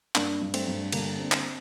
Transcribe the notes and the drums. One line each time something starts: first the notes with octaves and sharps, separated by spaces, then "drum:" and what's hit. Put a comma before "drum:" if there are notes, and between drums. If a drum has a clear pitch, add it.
G2 A#3 D4, drum: clap
G2
A3 C4, drum: cymbal
G2
D3 G3 A#3, drum: cymbal
C4
drum: clap